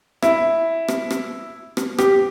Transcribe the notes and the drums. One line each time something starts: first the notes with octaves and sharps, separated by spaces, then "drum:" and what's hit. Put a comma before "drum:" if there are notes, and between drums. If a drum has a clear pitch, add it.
E4, drum: rim click
drum: rim click
drum: rim click
drum: rim click
G4, drum: rim click